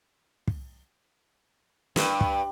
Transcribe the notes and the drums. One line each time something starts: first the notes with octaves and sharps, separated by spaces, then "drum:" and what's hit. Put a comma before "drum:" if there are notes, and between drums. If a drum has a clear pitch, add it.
drum: kick
G2, drum: snare
drum: kick